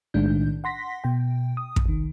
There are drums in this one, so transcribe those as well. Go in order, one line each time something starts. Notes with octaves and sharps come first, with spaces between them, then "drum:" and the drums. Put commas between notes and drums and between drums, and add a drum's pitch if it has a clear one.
B1 A2 D#3 G#3 D4 G6
F#5 C6 A#6 B6
B2 G5
D#6
drum: kick
C2 D#3